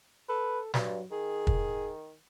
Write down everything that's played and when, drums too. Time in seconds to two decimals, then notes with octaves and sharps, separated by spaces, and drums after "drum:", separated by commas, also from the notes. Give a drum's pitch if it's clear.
0.29 A4 B4
0.74 G2 F#3, drum: snare
1.11 D#3 G#4
1.47 drum: kick